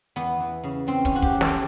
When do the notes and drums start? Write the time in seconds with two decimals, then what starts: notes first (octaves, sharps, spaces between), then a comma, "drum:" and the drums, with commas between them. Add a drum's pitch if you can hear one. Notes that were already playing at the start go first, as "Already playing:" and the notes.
0.16 E2 B3
0.40 E3
0.64 C#3
0.87 C#3 C4
1.05 C#4, drum: kick, hi-hat
1.11 E2 F#4
1.22 G4, drum: kick
1.35 E2
1.41 A4, drum: snare